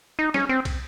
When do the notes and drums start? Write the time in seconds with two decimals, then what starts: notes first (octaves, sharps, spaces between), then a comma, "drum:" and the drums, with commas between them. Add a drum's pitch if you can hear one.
0.19 D#4
0.34 C#4, drum: snare
0.49 C4
0.65 drum: kick, cymbal